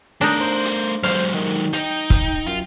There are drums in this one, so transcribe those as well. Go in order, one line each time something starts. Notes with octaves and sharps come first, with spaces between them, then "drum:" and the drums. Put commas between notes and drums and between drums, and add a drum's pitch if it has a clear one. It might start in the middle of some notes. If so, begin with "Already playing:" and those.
A3 D4 D#4 A#4 A#5
C5
drum: hi-hat
F#3 G#3 C5 F5, drum: open hi-hat
D#3
D#4 G5, drum: hi-hat
drum: kick, hi-hat
F#2 F4